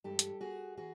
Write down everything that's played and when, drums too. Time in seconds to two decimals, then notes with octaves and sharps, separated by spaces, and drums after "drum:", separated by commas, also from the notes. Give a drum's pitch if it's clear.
0.04 G2 E3 G#3 G4 A4
0.19 drum: hi-hat
0.41 F#4 G#4
0.77 E3 F#4 G#4